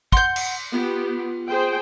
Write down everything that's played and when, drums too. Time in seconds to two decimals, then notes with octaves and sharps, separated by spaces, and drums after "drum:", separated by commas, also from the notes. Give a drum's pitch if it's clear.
0.12 F#5 C6 G6, drum: kick
0.36 drum: cymbal
0.72 B3 F4 G4
1.48 G#4 C5 G5